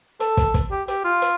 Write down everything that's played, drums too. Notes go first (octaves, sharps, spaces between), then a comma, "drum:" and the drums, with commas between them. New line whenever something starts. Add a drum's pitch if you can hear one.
A4, drum: hi-hat
drum: kick, hi-hat
drum: kick, hi-hat
G4
G4, drum: hi-hat
F4
drum: hi-hat